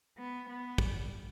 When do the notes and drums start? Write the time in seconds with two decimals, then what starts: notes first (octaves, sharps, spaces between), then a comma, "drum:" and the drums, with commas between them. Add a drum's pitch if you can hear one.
0.18 B3
0.49 B3
0.78 G3, drum: kick